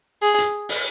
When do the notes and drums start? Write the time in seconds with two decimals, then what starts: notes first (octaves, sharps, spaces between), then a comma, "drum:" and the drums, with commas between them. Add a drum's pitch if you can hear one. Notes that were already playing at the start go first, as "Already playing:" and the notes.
0.23 G#4
0.38 drum: hi-hat
0.69 drum: open hi-hat